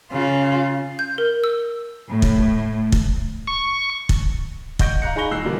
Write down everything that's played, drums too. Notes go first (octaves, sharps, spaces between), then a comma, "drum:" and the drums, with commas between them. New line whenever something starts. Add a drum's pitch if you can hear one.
C#3 F4
G6
A#4
E6
A2
drum: kick
drum: kick
C#6
drum: kick
D#5 F#5 C#6 G6 A#6 D7, drum: kick
F5 A#5 F#6 C#7
D#4 G#4 B5 C#6 A#6 G7
D#1 E6 F#6 C7
B2 D3 E3 F#3 G3 A#3